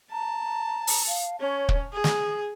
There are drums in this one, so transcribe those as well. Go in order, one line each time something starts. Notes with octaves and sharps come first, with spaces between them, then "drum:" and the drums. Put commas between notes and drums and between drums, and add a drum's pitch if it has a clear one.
A5 A#5
drum: open hi-hat
F5
C#4 C#5
drum: kick
G#4 D#6
drum: snare